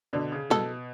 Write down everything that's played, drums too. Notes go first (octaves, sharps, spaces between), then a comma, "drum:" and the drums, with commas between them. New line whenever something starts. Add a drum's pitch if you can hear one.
B2 D3
C#3
B2 A4, drum: snare